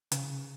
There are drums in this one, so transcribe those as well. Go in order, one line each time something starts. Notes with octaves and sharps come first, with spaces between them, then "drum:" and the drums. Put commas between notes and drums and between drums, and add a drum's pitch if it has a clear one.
C#3, drum: hi-hat